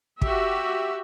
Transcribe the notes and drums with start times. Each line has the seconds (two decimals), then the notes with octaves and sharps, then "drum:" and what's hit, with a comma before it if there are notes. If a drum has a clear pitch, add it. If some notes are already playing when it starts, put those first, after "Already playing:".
0.22 F#4 G4 E5, drum: kick